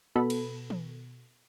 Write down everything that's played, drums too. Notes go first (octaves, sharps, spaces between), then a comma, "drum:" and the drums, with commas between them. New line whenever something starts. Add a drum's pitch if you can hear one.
B2 B3 A4 B5
drum: cymbal
drum: tom